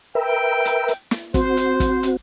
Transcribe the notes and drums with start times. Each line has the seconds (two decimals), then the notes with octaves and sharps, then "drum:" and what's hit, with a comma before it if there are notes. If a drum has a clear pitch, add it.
0.15 A#4 B4 E5 G5
0.65 drum: hi-hat
0.88 drum: hi-hat
1.11 drum: snare
1.34 C4 F#4 C5, drum: kick, hi-hat
1.57 drum: hi-hat
1.80 drum: kick, hi-hat
2.03 drum: hi-hat